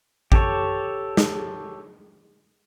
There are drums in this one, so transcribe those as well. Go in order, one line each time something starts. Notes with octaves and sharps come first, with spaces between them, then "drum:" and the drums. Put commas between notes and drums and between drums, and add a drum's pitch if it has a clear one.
G4 A4 C#5, drum: kick A1
drum: snare